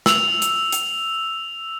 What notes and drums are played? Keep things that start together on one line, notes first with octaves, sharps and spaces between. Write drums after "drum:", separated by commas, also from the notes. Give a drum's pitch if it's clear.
E6 F7, drum: snare
drum: hi-hat
drum: hi-hat